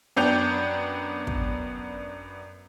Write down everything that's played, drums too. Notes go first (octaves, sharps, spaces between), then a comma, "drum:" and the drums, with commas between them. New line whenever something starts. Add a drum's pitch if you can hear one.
F#2 B3 D4 G5 G6 F7
drum: kick